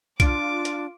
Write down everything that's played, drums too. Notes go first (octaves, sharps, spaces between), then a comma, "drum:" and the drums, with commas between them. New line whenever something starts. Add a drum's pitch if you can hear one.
D4 F4 D6 D7, drum: kick B1, hi-hat
drum: hi-hat